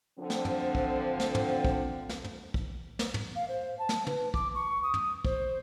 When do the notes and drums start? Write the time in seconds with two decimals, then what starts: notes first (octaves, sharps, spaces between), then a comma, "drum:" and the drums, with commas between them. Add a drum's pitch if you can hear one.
0.19 D3 F3 C4
0.30 drum: snare
0.45 drum: tom
0.75 drum: kick
1.20 drum: snare
1.35 drum: tom
1.65 drum: kick
2.09 drum: snare
2.24 drum: tom
2.54 drum: kick
2.99 drum: snare
3.14 drum: tom
3.36 F5
3.48 C5
3.79 A5
3.89 drum: snare
4.07 B4, drum: tom
4.34 D6, drum: kick
4.55 C#6
4.83 D#6
4.94 drum: tom
5.25 C5, drum: kick